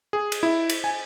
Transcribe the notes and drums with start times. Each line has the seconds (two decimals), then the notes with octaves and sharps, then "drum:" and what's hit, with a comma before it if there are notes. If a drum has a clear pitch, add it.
0.13 G#4
0.32 drum: cymbal
0.43 E4
0.70 drum: cymbal
0.84 G#5